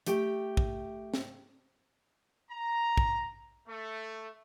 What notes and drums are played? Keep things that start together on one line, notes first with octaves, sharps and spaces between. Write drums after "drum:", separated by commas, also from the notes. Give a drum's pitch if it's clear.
A3 G4 G5, drum: hi-hat
drum: kick
drum: snare
A#5
drum: kick
A3